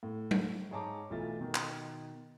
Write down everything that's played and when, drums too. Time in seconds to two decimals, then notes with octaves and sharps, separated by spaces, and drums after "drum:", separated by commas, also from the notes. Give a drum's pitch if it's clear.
0.03 A2
0.31 drum: tom F#3
0.71 G#2 G#4 C#5 A5 A#5 D6
1.10 B1 E3 A3 F4 E5 A6
1.39 B2 D#3
1.55 drum: clap